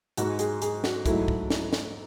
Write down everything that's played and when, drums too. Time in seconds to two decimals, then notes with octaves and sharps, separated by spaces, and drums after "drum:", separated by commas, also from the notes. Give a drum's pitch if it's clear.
0.17 G#2 G#3 F#4, drum: hi-hat
0.39 G#4, drum: hi-hat
0.62 G#4, drum: hi-hat
0.84 F#4, drum: snare
1.06 G#2 F#3 A3 E4, drum: kick, hi-hat
1.28 drum: kick
1.50 E4, drum: snare
1.73 drum: snare